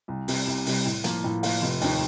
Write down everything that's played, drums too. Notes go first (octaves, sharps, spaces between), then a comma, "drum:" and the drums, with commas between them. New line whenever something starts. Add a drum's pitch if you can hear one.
C2
C3 G3, drum: open hi-hat
C2
C3 G3, drum: open hi-hat
A2
F3 A#3 F4, drum: hi-hat
A2
F3 A#3 F4, drum: open hi-hat
F1
D#2 D#3, drum: open hi-hat